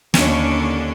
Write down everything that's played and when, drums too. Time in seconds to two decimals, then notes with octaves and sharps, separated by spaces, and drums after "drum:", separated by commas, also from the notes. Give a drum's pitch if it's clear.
0.14 D#2 D3 C#4 D4, drum: snare